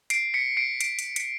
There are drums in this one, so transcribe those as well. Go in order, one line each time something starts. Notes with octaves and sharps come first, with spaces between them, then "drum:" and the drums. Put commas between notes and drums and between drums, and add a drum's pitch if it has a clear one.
C7 D7, drum: hi-hat
B6 C#7
C7 D7
C7 D7, drum: hi-hat
drum: hi-hat
B6 C#7, drum: hi-hat